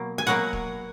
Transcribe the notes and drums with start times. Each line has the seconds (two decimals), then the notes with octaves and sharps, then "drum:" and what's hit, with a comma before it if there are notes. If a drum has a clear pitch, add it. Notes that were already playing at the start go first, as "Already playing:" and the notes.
Already playing: B2 F#3 A#3
0.18 G#5
0.26 B2 F#3 A#3 F#5, drum: snare
0.53 drum: kick E1